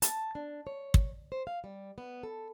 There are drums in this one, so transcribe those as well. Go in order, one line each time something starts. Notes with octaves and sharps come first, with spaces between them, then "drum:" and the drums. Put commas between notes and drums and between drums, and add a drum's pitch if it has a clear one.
A5, drum: hi-hat
D4
C#5
drum: kick
C5
F5
G3
B3
A4